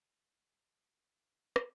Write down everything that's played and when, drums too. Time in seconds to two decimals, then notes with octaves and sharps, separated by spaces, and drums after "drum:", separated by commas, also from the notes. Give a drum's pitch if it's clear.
0.23 D5 F#5 C6 D6
0.60 G#5
0.72 C#4 D5 F5 G5 A5
0.93 G#4 A4
1.08 C6
1.56 drum: rim click